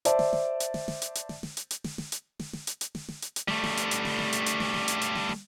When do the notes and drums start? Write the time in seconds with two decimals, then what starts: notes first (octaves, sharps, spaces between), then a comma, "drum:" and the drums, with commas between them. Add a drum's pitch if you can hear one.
0.05 C5 D5 E5 A5, drum: hi-hat
0.19 drum: snare
0.33 drum: snare
0.60 drum: hi-hat
0.74 drum: snare
0.88 drum: snare
1.02 drum: hi-hat
1.15 drum: hi-hat
1.29 drum: snare
1.43 drum: snare
1.57 drum: hi-hat
1.71 drum: hi-hat
1.84 drum: snare
1.98 drum: snare
2.12 drum: hi-hat
2.39 drum: snare
2.53 drum: snare
2.67 drum: hi-hat
2.81 drum: hi-hat
2.95 drum: snare
3.08 drum: snare
3.22 drum: hi-hat
3.36 drum: hi-hat
3.48 G3 A3, drum: snare
3.64 drum: snare
3.77 drum: hi-hat
3.91 drum: hi-hat
4.05 drum: snare
4.19 drum: snare
4.33 drum: hi-hat
4.46 drum: hi-hat
4.60 drum: snare
4.74 drum: snare
4.88 drum: hi-hat
5.01 drum: hi-hat
5.15 drum: snare
5.29 drum: snare